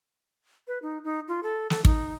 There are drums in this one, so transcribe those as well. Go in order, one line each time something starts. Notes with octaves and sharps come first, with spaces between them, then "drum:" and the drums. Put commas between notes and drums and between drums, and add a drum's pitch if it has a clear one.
B4
D#4
D#4
F4
A4
A4, drum: snare
D#4, drum: kick